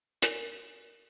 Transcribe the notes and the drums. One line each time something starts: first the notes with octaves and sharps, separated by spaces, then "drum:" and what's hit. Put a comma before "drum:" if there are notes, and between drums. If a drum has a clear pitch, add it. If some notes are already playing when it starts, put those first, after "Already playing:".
A#4 D5 G#5, drum: hi-hat